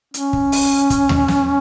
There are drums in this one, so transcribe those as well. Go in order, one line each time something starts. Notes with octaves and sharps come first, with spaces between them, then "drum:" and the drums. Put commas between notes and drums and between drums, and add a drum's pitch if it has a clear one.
C#4, drum: hi-hat
drum: kick
drum: open hi-hat
drum: kick, hi-hat
drum: tom D#2
drum: snare